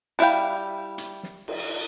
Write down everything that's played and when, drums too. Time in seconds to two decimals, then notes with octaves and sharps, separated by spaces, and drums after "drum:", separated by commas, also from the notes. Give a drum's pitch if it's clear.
0.19 G3 E4 E5 F5 G5
0.98 drum: hi-hat
1.23 drum: snare
1.48 drum: cymbal